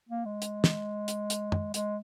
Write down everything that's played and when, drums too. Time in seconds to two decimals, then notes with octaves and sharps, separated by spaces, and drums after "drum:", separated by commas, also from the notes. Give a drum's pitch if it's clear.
0.09 A#3
0.25 G#3
0.42 drum: hi-hat
0.64 drum: snare
1.08 drum: hi-hat
1.30 drum: hi-hat
1.52 drum: tom F#2
1.74 G#3, drum: hi-hat